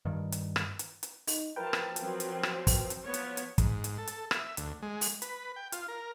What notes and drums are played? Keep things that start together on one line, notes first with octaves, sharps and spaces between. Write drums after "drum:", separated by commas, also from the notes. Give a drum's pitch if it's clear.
G2 D#3
drum: hi-hat
drum: rim click
drum: hi-hat
drum: hi-hat
D#4, drum: open hi-hat
F3 F4 A#4 B4 G5 A5
drum: rim click
F3 F#3 C4, drum: hi-hat
drum: hi-hat
drum: rim click
drum: kick, open hi-hat
drum: hi-hat
F3 B3 C#5
drum: hi-hat
drum: hi-hat
G#2, drum: kick, hi-hat
drum: hi-hat
A4
drum: hi-hat
E5, drum: rim click
D2, drum: hi-hat
G#3
drum: open hi-hat
B4, drum: hi-hat
G5
F4, drum: hi-hat
A#4